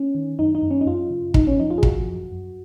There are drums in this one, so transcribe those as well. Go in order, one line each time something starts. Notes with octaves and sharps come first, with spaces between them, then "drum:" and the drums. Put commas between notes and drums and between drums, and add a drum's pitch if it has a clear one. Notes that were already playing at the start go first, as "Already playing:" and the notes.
Already playing: C#4
D#3
F#2 D#4
D#4
F#2
C#4
D#4
F#2 F4
C#3
F#2 D#4, drum: kick
C#4
F3 D#4
F4
G#4
F3 F#4, drum: kick
F#2
F#2